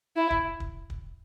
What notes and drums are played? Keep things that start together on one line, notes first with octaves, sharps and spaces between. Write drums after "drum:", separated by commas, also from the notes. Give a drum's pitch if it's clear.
E4
drum: kick
drum: kick
drum: kick